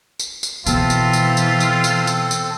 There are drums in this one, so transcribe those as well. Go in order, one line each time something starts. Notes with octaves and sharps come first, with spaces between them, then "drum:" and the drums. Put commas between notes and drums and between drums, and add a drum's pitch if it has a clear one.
drum: tambourine
drum: tambourine
B2 E3 C4 F4 A4, drum: tambourine
drum: tambourine
drum: tambourine
drum: tambourine
drum: tambourine
drum: tambourine
drum: tambourine
drum: tambourine